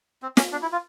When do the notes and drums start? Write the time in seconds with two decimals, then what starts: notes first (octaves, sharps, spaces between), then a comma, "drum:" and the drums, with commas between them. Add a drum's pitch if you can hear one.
0.22 C4
0.37 C#4, drum: snare
0.52 D4
0.62 E4
0.72 F4